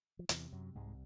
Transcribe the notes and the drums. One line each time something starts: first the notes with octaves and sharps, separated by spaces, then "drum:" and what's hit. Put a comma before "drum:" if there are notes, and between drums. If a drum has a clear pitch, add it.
F3
E2 C3 E3, drum: hi-hat
F#2 F#3
C2 G#2 G#3